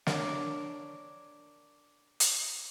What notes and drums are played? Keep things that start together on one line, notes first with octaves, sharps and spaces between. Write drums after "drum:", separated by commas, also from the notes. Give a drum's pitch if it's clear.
D4 A#4 C#5, drum: snare
drum: hi-hat